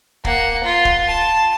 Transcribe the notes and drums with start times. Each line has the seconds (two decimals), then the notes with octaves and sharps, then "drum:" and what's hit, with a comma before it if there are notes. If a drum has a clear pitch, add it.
0.25 A#3 F#5, drum: kick
0.64 F4
0.85 drum: kick
1.07 A5